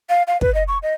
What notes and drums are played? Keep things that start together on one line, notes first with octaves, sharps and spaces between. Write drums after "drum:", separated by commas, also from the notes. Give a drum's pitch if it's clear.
F5
F5
B4, drum: kick
D#5
C#6
D#5